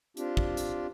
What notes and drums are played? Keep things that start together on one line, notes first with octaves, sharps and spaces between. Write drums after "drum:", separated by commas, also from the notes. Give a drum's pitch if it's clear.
C4 D4 F4 G4, drum: hi-hat
drum: kick
drum: hi-hat